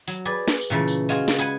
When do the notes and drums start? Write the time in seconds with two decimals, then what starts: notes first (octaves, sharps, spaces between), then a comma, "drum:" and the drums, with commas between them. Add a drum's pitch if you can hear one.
0.07 F#3, drum: tambourine
0.25 G#4 B4 D5
0.48 drum: snare
0.61 drum: tambourine
0.70 A#2 C#3 E3 A3
0.88 drum: tambourine
1.09 G#3 F4 F#4 G#4
1.28 drum: snare
1.38 G#4 B4 F#5 G#5, drum: tambourine